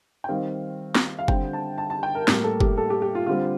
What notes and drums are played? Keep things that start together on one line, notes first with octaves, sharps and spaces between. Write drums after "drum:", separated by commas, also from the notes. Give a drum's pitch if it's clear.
G5
D#3 G3 C4 F5
drum: snare
F5
D3 G3 C4 G5, drum: kick F#1
A5
A5
A5
G5
A#4
A2 G3 A#3 A#4, drum: snare
A4
G4, drum: kick F#1
A4
G4
G4
F4
D3 G3 C4 F4